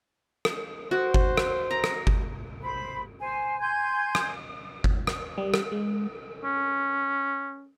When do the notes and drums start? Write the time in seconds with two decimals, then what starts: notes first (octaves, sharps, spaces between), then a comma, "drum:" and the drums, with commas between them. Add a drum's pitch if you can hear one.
0.45 drum: rim click
0.91 F#4 C5
1.14 drum: kick G1
1.38 drum: rim click
1.71 A#5
1.84 drum: rim click
2.07 drum: kick G1
2.63 C5 B5
3.20 C5 G#5
3.59 G#5 C6 G6 G#6
4.15 drum: rim click
4.84 drum: kick G1
5.07 drum: rim click
5.38 G3
5.54 drum: rim click
5.72 G#3
6.44 C#4